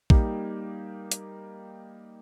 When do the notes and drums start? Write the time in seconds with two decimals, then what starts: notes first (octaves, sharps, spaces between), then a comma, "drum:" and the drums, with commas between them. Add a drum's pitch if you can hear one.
0.10 G3 A#3 D#4 G4, drum: kick A#1
1.12 drum: hi-hat